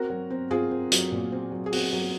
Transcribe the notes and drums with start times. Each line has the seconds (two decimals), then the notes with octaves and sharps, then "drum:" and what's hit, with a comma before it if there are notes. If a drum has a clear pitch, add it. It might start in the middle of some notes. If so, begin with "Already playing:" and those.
Already playing: C4 F#4 A#4
0.10 F#3
0.30 C4
0.51 C4 F4 G#4
0.71 C4
0.92 F#3, drum: hi-hat
1.12 A#2
1.32 C4
1.52 F#3
1.66 G#4
1.72 C4 F#4, drum: open hi-hat
1.93 F#3